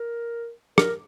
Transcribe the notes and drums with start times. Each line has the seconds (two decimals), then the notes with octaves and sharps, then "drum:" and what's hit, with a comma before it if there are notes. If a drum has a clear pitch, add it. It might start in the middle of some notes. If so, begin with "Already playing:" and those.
Already playing: A#4
0.78 A#4, drum: rim click